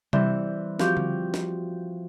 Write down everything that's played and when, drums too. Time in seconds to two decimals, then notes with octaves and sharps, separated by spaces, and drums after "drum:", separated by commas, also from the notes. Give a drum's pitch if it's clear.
0.13 E3 G3 C4, drum: tom C3
0.80 F3 C4 F#4 G4, drum: snare
0.97 drum: tom D3
1.34 drum: snare